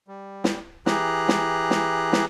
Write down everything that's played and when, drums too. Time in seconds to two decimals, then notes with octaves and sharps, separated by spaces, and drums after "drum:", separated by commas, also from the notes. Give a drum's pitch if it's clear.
0.08 G3
0.44 drum: snare
0.86 E3 G4 G#4 A#5 F#6, drum: snare
1.28 drum: snare
1.71 drum: snare
2.13 drum: snare